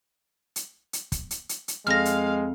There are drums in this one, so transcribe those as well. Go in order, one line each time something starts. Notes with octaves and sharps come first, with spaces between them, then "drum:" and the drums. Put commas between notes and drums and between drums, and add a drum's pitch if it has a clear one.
drum: hi-hat
drum: hi-hat
drum: kick, hi-hat
drum: hi-hat
drum: hi-hat
drum: hi-hat
F2 G#3 F5 F6 A#6
drum: hi-hat